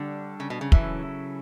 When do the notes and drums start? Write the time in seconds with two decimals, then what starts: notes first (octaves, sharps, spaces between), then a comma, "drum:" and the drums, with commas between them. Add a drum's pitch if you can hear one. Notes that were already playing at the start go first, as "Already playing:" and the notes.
Already playing: D3 G3 D4 A4 C#5
0.40 C#3
0.50 B2
0.61 C#3
0.72 C#3 E3 F#3 C#4 E4 A4, drum: kick